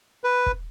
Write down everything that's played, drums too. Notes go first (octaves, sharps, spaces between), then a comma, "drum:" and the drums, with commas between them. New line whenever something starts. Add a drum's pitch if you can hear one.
B4
drum: kick